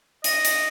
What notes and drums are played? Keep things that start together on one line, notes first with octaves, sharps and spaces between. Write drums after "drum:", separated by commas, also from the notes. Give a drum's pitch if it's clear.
D#5, drum: hi-hat
drum: hi-hat